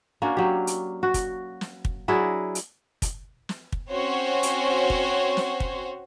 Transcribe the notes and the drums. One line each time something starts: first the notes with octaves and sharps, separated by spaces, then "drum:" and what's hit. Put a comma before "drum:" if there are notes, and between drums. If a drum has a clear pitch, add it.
A#3 C#4 D4 F#4
F#3 G4
drum: hi-hat
F#4
drum: kick, hi-hat
drum: snare
drum: kick
F#3 D4 E4 G#4
drum: hi-hat
drum: kick, hi-hat
drum: snare
drum: kick
C4 C#4 F#4 C5 C#5
drum: hi-hat
drum: kick
drum: snare
drum: kick